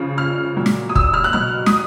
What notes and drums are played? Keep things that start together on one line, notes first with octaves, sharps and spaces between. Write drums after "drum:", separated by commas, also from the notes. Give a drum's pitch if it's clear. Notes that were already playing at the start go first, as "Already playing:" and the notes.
Already playing: C#3 F3
F6
A#2 F#3
drum: snare
D#6
E6, drum: kick
F6
F#6
B2 F#3 F6
D#6, drum: snare